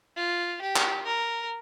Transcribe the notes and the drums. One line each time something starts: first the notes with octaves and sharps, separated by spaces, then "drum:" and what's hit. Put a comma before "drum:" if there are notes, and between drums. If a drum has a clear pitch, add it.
F4
G4
drum: clap
A#4